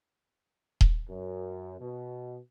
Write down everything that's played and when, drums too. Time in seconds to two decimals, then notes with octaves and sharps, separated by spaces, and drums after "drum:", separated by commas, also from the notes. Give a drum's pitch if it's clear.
0.81 drum: kick D#1
1.09 F#2
1.80 B2